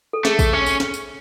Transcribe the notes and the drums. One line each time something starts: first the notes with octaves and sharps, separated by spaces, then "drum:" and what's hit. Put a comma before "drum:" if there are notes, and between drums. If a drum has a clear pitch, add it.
A4
A3 G#4, drum: snare
drum: kick, tambourine
C#4
drum: tambourine
drum: snare
drum: tambourine